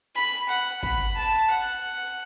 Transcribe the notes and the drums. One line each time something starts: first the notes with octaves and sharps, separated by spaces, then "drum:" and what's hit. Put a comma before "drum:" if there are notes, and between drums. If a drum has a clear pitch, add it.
B5
F#5
B5, drum: kick
A5
F#5